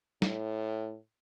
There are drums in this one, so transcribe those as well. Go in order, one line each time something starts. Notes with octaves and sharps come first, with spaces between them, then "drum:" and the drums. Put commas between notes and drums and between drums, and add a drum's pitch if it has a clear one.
A2, drum: snare